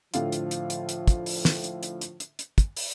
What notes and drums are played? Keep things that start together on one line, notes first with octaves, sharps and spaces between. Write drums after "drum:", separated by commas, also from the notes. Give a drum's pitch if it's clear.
A2 D3 F3 F4, drum: hi-hat
drum: hi-hat
drum: hi-hat
drum: hi-hat
drum: hi-hat
drum: kick, hi-hat
drum: open hi-hat
drum: snare
drum: hi-hat
drum: hi-hat
drum: hi-hat
drum: hi-hat
drum: hi-hat
drum: kick, hi-hat
drum: open hi-hat